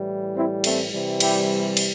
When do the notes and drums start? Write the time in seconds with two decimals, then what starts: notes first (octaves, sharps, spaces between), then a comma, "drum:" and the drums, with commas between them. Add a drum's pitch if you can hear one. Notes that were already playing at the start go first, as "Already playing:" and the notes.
Already playing: A2 E3 G3
0.36 C4 E4
0.64 A3 C4, drum: cymbal
0.93 C3 E3 G3
1.20 E4 G4, drum: cymbal
1.77 drum: cymbal